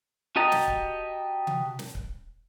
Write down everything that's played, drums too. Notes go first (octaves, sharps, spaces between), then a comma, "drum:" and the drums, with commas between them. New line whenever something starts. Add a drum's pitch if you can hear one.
F#4 G4 D#5 A5 A#5
drum: snare
drum: kick C#1
drum: tom C3
drum: snare
drum: kick C#1